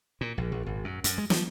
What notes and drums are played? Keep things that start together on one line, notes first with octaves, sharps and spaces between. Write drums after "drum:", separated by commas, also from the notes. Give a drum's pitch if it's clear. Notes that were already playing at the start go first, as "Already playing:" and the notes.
A#2
A#1
A#1
G#1
F#2
F#2, drum: hi-hat
G#3
F3, drum: snare